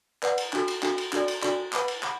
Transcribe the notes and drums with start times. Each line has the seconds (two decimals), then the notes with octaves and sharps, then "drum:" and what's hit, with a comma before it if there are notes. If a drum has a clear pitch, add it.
0.23 B4 D5 F#5, drum: clap
0.38 drum: cymbal
0.53 D4 F#4 A4, drum: clap
0.68 drum: cymbal
0.83 D4 F#4 A4, drum: clap
0.98 drum: cymbal
1.13 D4 F#4 A4 D5, drum: clap
1.28 drum: cymbal
1.42 D4 F#4 A4 D5, drum: clap
1.73 B4 F#5 B5 D6, drum: clap
1.88 drum: cymbal
2.03 F#5 B5 D6, drum: clap